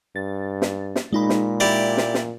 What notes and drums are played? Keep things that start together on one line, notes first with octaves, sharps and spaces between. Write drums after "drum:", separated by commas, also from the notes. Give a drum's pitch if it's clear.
G2 A6
drum: snare
drum: snare
A#2 G#3 D#4 B5
drum: snare
E4 G4 D5
drum: snare
drum: snare